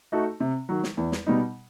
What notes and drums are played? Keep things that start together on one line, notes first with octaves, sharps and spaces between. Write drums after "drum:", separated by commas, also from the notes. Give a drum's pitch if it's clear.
A3 D#4 F#4 A4
C3
D#3 F#3
drum: snare
E2
drum: snare
B2 G3 D#4